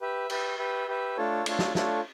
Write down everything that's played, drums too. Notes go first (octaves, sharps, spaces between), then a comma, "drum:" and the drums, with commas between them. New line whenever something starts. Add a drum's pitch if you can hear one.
G4 B4 E5
G4 B4 E5, drum: cymbal
G4 B4 E5
G4 B4 E5
A3 D4 F4 A4 C#5
A3 D4 F4 A4 C#5, drum: cymbal
drum: snare
A3 D4 F4 A4 C#5, drum: snare